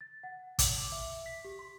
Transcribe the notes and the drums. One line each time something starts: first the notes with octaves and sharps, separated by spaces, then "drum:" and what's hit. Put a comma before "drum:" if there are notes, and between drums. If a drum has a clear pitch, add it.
A6
F#5
D6, drum: kick, hi-hat
E5
B6
G4
C6